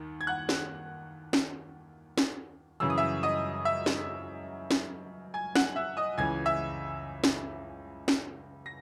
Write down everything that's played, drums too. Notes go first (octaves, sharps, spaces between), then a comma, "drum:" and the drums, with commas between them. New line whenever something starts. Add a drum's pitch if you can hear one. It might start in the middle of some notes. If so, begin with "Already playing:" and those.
Already playing: D#2 D#3
G#6
F#5 F#6
drum: snare
drum: snare
drum: snare
F#2 C#3 E3 E6
D#6
E5 E6
D#5 D#6
E5 E6
drum: snare
drum: snare
G#5 G#6
F#5 F#6, drum: snare
E5 E6
D#5 D#6
C#2 C#3 E3 G#5 G#6
E5 E6
drum: snare
drum: snare
A#6